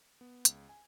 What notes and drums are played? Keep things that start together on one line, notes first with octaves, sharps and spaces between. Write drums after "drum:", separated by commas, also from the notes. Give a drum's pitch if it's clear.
B3
C#2, drum: hi-hat
G#5